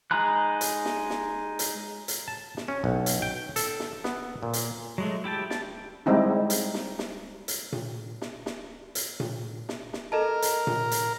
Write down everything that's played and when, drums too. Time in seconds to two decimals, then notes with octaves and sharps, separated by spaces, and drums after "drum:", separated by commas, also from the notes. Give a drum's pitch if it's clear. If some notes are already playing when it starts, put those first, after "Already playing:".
0.11 G#3 D#4 A#5 B5 F#6
0.61 drum: hi-hat
0.85 drum: snare
1.10 drum: snare
1.59 drum: hi-hat
2.08 drum: hi-hat
2.28 A5
2.57 drum: snare
2.68 C#4
2.84 B1
3.06 drum: hi-hat
3.22 G5
3.56 A4, drum: hi-hat
3.80 drum: snare
4.04 B3, drum: snare
4.43 A#2
4.53 drum: hi-hat
4.98 F#3 G#3 A3
5.24 E4 G4 G5 A5
5.50 A5, drum: snare
6.06 G3 G#3 C4 D#4 E4
6.50 drum: hi-hat
6.74 drum: snare
6.99 drum: snare
7.48 drum: hi-hat
7.72 drum: tom A#2
8.22 drum: snare
8.46 drum: snare
8.95 drum: hi-hat
9.20 drum: tom A#2
9.69 drum: snare
9.93 drum: snare
10.12 A4 A#4 D#5 A5
10.42 drum: hi-hat
10.67 drum: tom A#2
10.91 drum: hi-hat